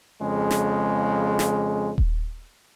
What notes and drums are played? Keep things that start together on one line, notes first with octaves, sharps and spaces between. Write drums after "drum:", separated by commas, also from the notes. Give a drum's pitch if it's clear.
F2 C#3 G#3
drum: snare
drum: snare
drum: kick D#1